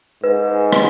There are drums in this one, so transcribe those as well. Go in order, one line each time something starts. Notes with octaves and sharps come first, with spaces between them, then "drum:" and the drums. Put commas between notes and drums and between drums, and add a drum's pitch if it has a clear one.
G#2 B4
drum: rim click